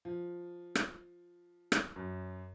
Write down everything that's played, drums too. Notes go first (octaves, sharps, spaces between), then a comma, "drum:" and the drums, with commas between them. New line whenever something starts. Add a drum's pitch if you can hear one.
F3
drum: rim click
drum: rim click
F#2